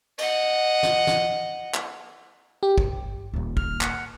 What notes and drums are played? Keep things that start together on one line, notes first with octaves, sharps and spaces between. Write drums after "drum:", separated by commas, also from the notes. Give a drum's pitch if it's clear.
D#5 F#5, drum: cymbal
drum: snare
drum: snare
drum: clap
G4
G1, drum: kick
D#1 D#2
F6, drum: kick
F#5, drum: clap